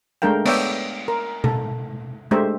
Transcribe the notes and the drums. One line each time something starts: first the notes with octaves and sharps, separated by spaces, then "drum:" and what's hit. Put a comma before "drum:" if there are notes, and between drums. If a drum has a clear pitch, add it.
G#3 A3 D4 A#4 F5 G5
B3 C#5 D5 E5 G5, drum: cymbal
A#4
A4, drum: tom B2
G#3 A3 D4 G4 C5 E5